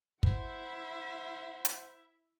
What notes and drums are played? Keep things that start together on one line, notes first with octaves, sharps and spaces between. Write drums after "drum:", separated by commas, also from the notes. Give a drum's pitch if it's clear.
E4 C5 E5 F#5, drum: kick
drum: hi-hat